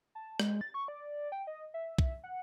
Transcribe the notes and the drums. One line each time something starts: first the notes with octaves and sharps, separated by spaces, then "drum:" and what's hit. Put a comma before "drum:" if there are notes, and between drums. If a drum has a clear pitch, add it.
A5
G#3, drum: rim click
A6
C#6
D5
G5
D#5
E5
drum: kick
F#5